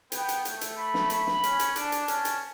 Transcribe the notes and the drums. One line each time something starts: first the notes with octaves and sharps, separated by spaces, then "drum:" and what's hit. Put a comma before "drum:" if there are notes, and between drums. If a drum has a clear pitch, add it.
B3 G5, drum: hi-hat
drum: hi-hat
A3, drum: hi-hat
drum: hi-hat
B5
drum: snare
B5, drum: hi-hat
drum: snare
C#4, drum: hi-hat
drum: hi-hat
D4 A5, drum: hi-hat
drum: hi-hat
C#4, drum: hi-hat
drum: hi-hat